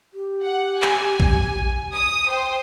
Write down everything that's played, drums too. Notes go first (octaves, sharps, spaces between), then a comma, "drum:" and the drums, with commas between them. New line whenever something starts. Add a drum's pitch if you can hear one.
G4
F#5
G#5, drum: clap
drum: kick A#1
D#6
C5 G5